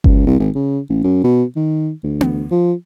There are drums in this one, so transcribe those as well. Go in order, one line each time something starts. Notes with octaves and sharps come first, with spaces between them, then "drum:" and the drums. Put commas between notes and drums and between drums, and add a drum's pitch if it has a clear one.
C#2, drum: kick G1
C2
G#1
C#3
A1
F#2
B2
D#3
D2
drum: tom B3
F3